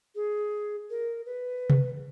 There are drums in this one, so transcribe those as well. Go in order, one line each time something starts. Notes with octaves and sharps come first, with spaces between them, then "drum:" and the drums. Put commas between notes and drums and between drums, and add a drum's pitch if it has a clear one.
G#4
A#4
B4
drum: tom C3